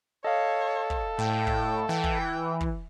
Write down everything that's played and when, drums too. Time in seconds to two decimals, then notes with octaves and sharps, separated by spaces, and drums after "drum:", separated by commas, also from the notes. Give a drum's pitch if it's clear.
0.24 A4 C#5 D#5 F5
0.90 drum: kick
1.18 A2 G5
1.47 drum: kick
1.89 E3 G5
2.04 drum: kick
2.60 drum: kick